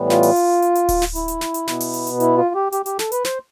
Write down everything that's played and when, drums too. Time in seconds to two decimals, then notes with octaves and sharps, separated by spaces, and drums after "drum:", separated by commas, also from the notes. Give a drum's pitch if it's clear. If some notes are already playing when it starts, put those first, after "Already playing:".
Already playing: A2 E3 G3 B3
0.10 F4, drum: snare
0.23 drum: open hi-hat
0.36 drum: hi-hat
0.62 drum: hi-hat
0.75 drum: hi-hat
0.89 drum: kick D1, open hi-hat
1.02 drum: snare
1.15 E4, drum: hi-hat
1.28 drum: hi-hat
1.41 drum: snare
1.54 drum: hi-hat
1.67 B2 B3, drum: snare
1.80 drum: open hi-hat
1.94 drum: hi-hat
2.07 drum: hi-hat
2.20 E4, drum: hi-hat
2.37 F4
2.55 G4
2.72 G4, drum: hi-hat
2.86 G4, drum: hi-hat
2.99 A4, drum: snare
3.12 B4, drum: hi-hat
3.24 C5, drum: snare